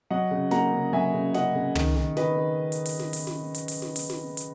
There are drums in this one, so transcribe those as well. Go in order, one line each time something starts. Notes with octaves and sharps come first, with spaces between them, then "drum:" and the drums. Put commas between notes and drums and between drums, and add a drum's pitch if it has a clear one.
F#3 D#5 F#5
C#3
A#3 F#5 A#5, drum: snare
C#3
F#3 E5 G#5
C#3
C#3 D#5 F#5, drum: snare
C#3
D#3, drum: tom
D#3
D#3 B4 D#5, drum: snare
D#3
drum: hi-hat
drum: open hi-hat
drum: snare
drum: open hi-hat
drum: snare
drum: hi-hat
drum: open hi-hat
drum: snare
drum: open hi-hat
drum: snare
drum: hi-hat